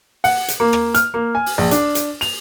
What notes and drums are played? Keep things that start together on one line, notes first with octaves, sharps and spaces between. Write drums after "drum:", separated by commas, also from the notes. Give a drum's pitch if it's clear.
F#5, drum: open hi-hat
drum: hi-hat
A#3
drum: rim click
F6, drum: hi-hat
A#3
G#5
drum: open hi-hat
A#1
D4, drum: hi-hat
drum: hi-hat
F7, drum: open hi-hat